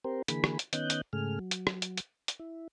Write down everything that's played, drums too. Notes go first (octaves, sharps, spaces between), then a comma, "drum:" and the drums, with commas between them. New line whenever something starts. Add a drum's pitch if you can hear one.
C4 G4 A#4 C5
D3 E3 A#3 G#4 B5, drum: hi-hat
drum: rim click
drum: hi-hat
D#3 B3 C#4 D#5 F#6 G6, drum: hi-hat
drum: hi-hat
G#2 C#3 A3 G#4 F6
F#3
drum: hi-hat
drum: rim click
drum: hi-hat
drum: hi-hat
drum: hi-hat
E4